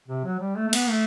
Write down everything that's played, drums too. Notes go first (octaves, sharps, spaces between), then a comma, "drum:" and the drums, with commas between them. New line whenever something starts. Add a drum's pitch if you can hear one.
C3
F#3
G3
A3
A3
B3, drum: cymbal
A3